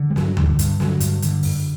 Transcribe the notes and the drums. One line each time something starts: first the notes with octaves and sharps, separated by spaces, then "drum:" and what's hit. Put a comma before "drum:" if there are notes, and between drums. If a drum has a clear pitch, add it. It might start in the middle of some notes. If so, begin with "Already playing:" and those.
Already playing: D3
G3
G2 F#3, drum: snare
D3, drum: tom D2
G2, drum: hi-hat
D3 F#3, drum: snare
G2, drum: hi-hat
D3, drum: hi-hat
F#2, drum: open hi-hat